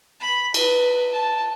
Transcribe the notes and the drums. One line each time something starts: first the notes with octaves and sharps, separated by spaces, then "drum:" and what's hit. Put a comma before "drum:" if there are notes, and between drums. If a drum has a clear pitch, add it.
B5
B4, drum: cymbal
A5